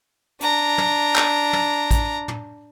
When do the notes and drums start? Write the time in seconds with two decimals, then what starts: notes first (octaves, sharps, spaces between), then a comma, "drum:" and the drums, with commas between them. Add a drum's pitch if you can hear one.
0.41 D4 A#5, drum: hi-hat
0.78 drum: tom
1.16 drum: clap
1.53 drum: tom
1.91 drum: kick A1, hi-hat
2.28 drum: tom